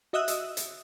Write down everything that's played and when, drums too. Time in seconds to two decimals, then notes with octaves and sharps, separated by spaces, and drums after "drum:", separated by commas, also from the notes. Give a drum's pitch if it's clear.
0.13 F#4 D#5 E5 D#6 E6 F#6
0.28 drum: hi-hat
0.57 drum: hi-hat